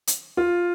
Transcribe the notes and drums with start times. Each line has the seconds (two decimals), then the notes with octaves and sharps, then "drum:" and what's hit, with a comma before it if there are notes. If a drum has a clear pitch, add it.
0.07 drum: hi-hat
0.37 F4